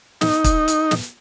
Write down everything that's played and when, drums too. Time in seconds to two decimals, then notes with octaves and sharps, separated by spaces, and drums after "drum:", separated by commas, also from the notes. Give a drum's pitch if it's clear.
0.21 D#4, drum: snare
0.44 drum: kick, hi-hat
0.68 drum: hi-hat
0.91 drum: snare